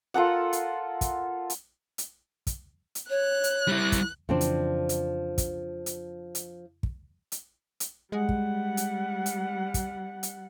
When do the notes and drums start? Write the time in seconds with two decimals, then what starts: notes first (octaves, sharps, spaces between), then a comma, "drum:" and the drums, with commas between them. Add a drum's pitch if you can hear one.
0.14 F4 A4 A#4 F#5
0.53 drum: hi-hat
1.01 drum: kick, hi-hat
1.50 drum: hi-hat
1.98 drum: hi-hat
2.47 drum: kick, hi-hat
2.95 drum: hi-hat
3.10 C#5 F#6
3.44 drum: hi-hat
3.68 G3 E4
3.92 drum: kick, hi-hat
4.29 F2 C#3 E3 F3 C4 D4
4.41 drum: hi-hat
4.89 drum: hi-hat
5.38 drum: kick, hi-hat
5.86 drum: hi-hat
6.35 drum: hi-hat
6.83 drum: kick
7.32 drum: hi-hat
7.80 drum: hi-hat
8.12 G3 G#3 F#5
8.29 drum: kick
8.77 drum: hi-hat
9.26 drum: hi-hat
9.74 drum: kick, hi-hat
10.23 drum: hi-hat